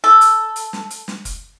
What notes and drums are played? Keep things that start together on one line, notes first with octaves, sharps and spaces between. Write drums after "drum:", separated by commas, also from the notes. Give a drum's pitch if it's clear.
A4
drum: hi-hat
drum: hi-hat
drum: snare
drum: hi-hat
drum: snare
drum: kick F1, hi-hat